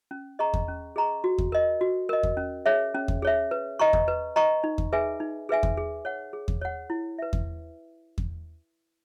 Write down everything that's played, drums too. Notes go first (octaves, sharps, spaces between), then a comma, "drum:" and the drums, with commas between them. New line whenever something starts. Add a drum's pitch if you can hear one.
C#4
G#4 D#5 A#5 C#6
drum: kick E2
C#4
G#4 D#5 A#5 C#6
F#4
drum: kick E2
A#4 D#5
F#4
A#4 D#5
drum: kick E2
C#4
G#4 C#5 E5
C#4
drum: kick E2
G#4 C#5 E5
B4
D#5 A#5 C#6
drum: kick E2
B4
D#5 A#5 C#6
D#4
drum: kick E2
G#4 B4 E5 G#5
D#4
G#4 B4 E5 G#5
drum: kick E2
G#4
C#5 F#5
G#4
drum: kick E2
C#5 F#5
E4
B4 E5
drum: kick E2
drum: kick E2